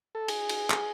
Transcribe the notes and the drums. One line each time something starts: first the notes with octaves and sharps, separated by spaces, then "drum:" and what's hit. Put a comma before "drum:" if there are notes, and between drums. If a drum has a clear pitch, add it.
A4
G#4, drum: cymbal
drum: cymbal
drum: clap